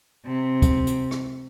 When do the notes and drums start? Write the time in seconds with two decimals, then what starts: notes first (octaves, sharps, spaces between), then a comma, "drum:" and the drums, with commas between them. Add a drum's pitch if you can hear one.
0.25 C3
0.62 drum: kick, hi-hat
0.87 drum: hi-hat
1.11 drum: rim click